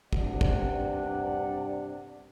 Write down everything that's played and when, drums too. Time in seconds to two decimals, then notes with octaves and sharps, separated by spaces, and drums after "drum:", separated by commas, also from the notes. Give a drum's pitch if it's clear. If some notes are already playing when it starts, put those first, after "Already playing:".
0.13 G2 C3 D4 D5 F#5, drum: kick
0.41 drum: kick